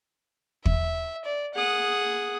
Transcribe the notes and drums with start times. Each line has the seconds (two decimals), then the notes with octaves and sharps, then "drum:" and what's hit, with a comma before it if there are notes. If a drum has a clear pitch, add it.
0.65 E5, drum: kick
1.25 D5
1.55 G#4 F#5 D#6